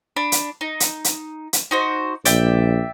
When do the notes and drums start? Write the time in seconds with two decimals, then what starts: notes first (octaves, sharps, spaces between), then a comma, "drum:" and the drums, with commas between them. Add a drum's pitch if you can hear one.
0.16 D4 B5
0.32 drum: hi-hat
0.61 D#4
0.80 drum: hi-hat
1.04 drum: hi-hat
1.53 drum: hi-hat
1.71 D#4 F#4 C5
2.25 A#1 D5 E5 G5, drum: hi-hat